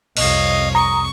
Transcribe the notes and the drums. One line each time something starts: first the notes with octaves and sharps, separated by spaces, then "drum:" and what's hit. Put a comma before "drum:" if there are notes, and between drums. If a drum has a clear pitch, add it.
C2 F2 C#5 D#5 F5, drum: cymbal
A#5 C#6 D#6